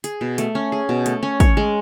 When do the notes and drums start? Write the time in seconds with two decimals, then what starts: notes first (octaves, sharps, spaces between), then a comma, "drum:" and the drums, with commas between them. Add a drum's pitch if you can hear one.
0.04 G#4, drum: hi-hat
0.21 B2
0.38 A3, drum: hi-hat
0.55 C#4
0.72 G#4
0.89 B2
1.06 A3, drum: hi-hat
1.23 C#4
1.40 C#5, drum: kick, hi-hat
1.57 G#3